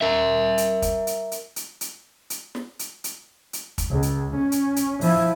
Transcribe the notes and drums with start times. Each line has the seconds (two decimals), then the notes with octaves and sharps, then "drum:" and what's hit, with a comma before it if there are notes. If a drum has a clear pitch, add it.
0.01 A#4 E5
0.58 drum: hi-hat
0.82 drum: kick, hi-hat
1.07 drum: hi-hat
1.32 drum: hi-hat
1.56 drum: hi-hat
1.81 drum: hi-hat
2.30 drum: hi-hat
2.55 drum: snare
2.79 drum: hi-hat
3.04 drum: hi-hat
3.53 drum: hi-hat
3.78 drum: kick, hi-hat
3.91 C#2
4.02 drum: hi-hat
4.36 C#4
4.52 drum: hi-hat
4.76 drum: hi-hat
5.01 F3 E4, drum: open hi-hat